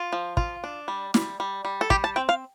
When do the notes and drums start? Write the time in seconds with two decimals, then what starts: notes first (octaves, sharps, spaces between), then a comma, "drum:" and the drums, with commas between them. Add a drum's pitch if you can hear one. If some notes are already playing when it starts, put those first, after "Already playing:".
Already playing: F4
0.13 F3
0.37 F4, drum: kick
0.64 D4
0.88 G3
1.14 G3, drum: snare
1.40 G3
1.65 G3
1.81 A4
1.90 G3 G4, drum: kick
2.04 A5
2.16 C4 G5
2.29 F5